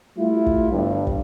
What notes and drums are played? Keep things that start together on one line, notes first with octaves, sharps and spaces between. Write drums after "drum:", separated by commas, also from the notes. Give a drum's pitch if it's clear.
G3 A3 E4 F4
drum: kick
G1 G2
drum: kick